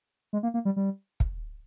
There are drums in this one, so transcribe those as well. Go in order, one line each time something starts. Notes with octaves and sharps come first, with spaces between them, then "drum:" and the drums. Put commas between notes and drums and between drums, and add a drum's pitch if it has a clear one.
G#3
A#3
A#3
G3
G3
drum: kick